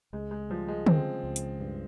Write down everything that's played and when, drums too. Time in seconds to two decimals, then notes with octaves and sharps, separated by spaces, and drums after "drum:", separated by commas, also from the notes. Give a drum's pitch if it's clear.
0.13 C#2 G#3
0.31 G#3
0.50 F3 G3
0.68 G#3
0.87 C#3 C4, drum: tom D3
1.23 C#2
1.36 drum: hi-hat
1.60 G2